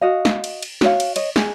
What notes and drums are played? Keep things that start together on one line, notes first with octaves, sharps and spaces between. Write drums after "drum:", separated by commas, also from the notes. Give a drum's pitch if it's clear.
F#4 D#5 F5
drum: snare
drum: cymbal
drum: cymbal
F#4 C#5 F5, drum: snare
drum: cymbal
C#5 D#5, drum: cymbal
G#4, drum: snare